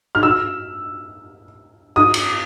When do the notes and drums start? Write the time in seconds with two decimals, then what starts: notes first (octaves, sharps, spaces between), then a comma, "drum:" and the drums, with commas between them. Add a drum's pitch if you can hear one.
0.15 F6
0.23 E6
1.96 D#6
2.14 drum: cymbal